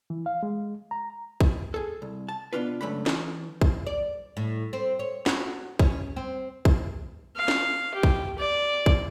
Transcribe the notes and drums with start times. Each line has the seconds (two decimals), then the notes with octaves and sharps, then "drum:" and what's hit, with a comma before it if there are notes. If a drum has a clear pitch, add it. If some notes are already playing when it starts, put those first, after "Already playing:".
0.10 E3
0.26 F5
0.43 G#3
0.91 A#5
1.40 drum: kick
1.74 G#4 A4
2.02 C2
2.29 A5
2.53 B2 B3 D4 F4 B4
2.81 C#2 F#2 A3 D4 B5
3.06 E3, drum: snare
3.61 drum: kick
3.86 D5
4.37 A2
4.73 C4
4.99 C#5
5.26 F#4, drum: snare
5.79 C#4, drum: kick
6.16 C4
6.65 drum: kick
7.37 F5
7.48 drum: snare
7.94 G4
8.03 drum: kick
8.38 D5
8.86 drum: kick